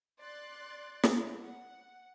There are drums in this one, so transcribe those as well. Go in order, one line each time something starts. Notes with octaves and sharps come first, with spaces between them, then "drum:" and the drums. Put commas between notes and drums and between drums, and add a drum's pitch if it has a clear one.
D5 C6 F#6 A6
drum: snare
F#5